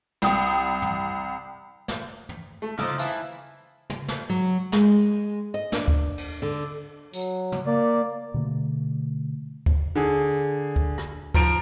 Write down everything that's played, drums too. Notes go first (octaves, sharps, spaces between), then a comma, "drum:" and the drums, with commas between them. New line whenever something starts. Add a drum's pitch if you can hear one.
C2 G5 D#6, drum: snare
drum: tom
drum: snare
drum: tom
A3
F3 D#4 C5 D#5 A#5 D6 E6, drum: tom
E3 E5 F5 A5, drum: tambourine
drum: tom
drum: snare
F#3
G#3, drum: snare
D#5
D4, drum: snare
drum: kick D2
drum: cymbal
D3
F#3, drum: tambourine
drum: tom
A#3 D5
B2 D3 A3
drum: kick D2
D3 G#4
drum: kick D2
drum: rim click
F3 A#5 D7, drum: kick D2